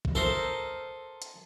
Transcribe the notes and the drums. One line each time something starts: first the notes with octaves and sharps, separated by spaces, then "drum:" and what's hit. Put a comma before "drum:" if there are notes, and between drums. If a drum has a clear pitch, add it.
drum: kick
A4 A#4 C5 E5 C6 D#6
drum: hi-hat